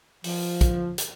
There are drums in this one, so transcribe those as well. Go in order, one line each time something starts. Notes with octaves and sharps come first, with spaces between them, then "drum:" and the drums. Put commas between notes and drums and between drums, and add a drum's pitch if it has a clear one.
F3, drum: open hi-hat
drum: kick, hi-hat
drum: hi-hat